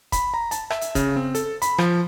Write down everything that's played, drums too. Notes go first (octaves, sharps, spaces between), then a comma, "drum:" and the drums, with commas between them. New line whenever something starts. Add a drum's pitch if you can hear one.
B5, drum: kick E1, hi-hat
A#5
A5, drum: hi-hat
E5, drum: rim click
drum: hi-hat
C#3, drum: kick E1, hi-hat
C4
A4, drum: hi-hat
B5, drum: hi-hat
F3, drum: rim click